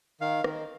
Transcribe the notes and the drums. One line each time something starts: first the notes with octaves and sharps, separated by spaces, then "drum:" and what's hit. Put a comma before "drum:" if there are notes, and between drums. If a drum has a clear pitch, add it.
D#3 F5
D#3, drum: rim click